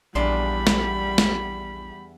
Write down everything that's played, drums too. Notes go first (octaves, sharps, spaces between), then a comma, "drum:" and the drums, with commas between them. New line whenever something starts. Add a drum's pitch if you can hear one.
A#1 E2 G3 D4 B5 C6
drum: snare
drum: snare